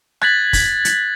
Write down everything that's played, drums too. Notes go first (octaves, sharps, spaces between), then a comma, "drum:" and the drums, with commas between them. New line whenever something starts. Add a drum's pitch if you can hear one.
F#6 G#6 A6 B6 F#7, drum: rim click
drum: kick, open hi-hat
drum: hi-hat